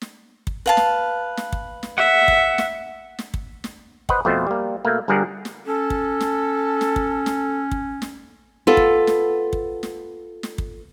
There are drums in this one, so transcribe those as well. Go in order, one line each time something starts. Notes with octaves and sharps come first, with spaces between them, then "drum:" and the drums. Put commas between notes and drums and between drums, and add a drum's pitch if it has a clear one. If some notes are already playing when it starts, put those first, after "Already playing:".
drum: snare
drum: kick
B4 F5 A5
drum: snare
drum: snare
drum: kick
drum: snare
E5 F#5
drum: kick
drum: snare
drum: snare
drum: kick
drum: snare
B4 C5 D#5 F#5, drum: kick
F2 B2 A3 B3 C5 D#5
G3 A#3
B2 A3 A#3
G1 G2 G3 G#4 A#4 F#5
drum: snare
C#4 A4
drum: kick
drum: snare
drum: snare
drum: kick
drum: snare
drum: kick
drum: snare
B3 F4 A4
drum: kick
drum: snare
drum: kick
drum: snare
drum: snare
drum: kick